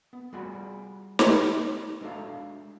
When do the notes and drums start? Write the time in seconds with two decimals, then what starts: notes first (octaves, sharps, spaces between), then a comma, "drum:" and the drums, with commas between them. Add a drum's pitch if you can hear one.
0.13 B3
0.33 G3 F4 F#4 G#4 D5 B5
1.19 drum: snare
2.01 G#3 D4 F#4 A4 E5 F5